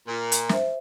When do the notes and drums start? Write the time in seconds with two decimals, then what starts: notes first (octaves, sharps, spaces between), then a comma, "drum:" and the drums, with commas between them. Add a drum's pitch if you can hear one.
0.06 A#2
0.32 drum: hi-hat
0.49 C5 E5, drum: snare